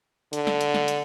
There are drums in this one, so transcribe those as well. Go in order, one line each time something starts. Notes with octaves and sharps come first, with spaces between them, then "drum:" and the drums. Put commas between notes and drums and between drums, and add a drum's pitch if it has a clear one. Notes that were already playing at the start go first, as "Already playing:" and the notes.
D3, drum: hi-hat
drum: snare
drum: hi-hat
drum: snare
drum: hi-hat